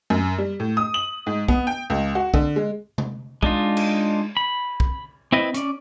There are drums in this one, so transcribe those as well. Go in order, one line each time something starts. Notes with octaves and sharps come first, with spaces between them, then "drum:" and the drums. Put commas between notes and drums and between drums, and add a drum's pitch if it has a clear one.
F#2
G3
A2
D#6
F#7
G#2
B3, drum: kick
G5
C#2
F#4
D3, drum: kick
G#3
drum: tom C3
G#3 D4 D#4 F4, drum: kick
drum: cymbal
B5
drum: kick
C4 E4 B4 D#5
C#4 D5, drum: hi-hat